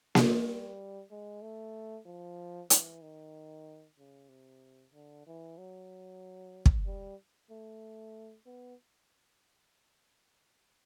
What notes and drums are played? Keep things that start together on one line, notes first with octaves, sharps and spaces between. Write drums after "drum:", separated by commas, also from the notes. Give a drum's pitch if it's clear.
G#3, drum: snare A#3
G3
G#3
A3
F3
E3, drum: hi-hat
D#3
C#3
C3
D3
E3
F#3
drum: kick
G3
A3
B3